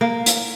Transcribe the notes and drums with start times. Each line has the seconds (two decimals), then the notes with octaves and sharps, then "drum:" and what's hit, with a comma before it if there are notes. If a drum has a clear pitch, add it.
0.01 A#3
0.26 drum: hi-hat